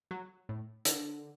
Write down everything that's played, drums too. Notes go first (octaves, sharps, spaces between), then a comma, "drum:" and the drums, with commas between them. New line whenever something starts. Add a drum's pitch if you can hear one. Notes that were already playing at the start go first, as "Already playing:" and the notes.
F#3
A2
D3, drum: hi-hat